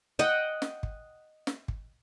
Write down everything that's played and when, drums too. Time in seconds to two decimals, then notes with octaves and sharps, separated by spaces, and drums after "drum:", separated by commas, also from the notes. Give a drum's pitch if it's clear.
0.19 D#5 F#5 G5
0.62 drum: snare
0.83 drum: kick
1.47 drum: snare
1.68 drum: kick